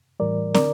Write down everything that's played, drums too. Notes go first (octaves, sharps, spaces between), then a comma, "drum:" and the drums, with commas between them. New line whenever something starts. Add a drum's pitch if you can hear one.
A2 E3 G3 A#4 D5
D3 A#4 D5, drum: snare